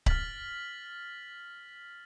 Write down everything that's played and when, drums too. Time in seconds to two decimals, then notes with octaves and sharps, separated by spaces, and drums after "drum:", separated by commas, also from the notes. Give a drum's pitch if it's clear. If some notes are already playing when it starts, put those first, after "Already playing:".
0.06 F6 A6 B6 F#7, drum: kick C#1